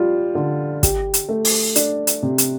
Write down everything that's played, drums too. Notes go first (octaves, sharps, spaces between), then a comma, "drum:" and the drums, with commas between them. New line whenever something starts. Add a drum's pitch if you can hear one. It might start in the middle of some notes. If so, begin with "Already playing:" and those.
Already playing: G3 F4
D3
G4, drum: kick, hi-hat
drum: hi-hat
A3
drum: open hi-hat
D4, drum: hi-hat
drum: hi-hat
C3
drum: hi-hat